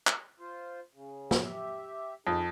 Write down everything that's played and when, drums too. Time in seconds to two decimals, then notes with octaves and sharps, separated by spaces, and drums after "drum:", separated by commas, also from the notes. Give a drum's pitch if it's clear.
0.07 drum: clap
0.40 F4 C5
0.94 C#3
1.31 drum: snare
1.44 G4 E5
2.27 F2 D#4 G#4